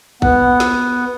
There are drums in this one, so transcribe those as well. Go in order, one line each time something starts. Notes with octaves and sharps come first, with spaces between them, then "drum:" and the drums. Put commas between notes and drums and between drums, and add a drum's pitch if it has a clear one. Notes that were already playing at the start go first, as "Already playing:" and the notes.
B3 F#5, drum: kick A1
drum: snare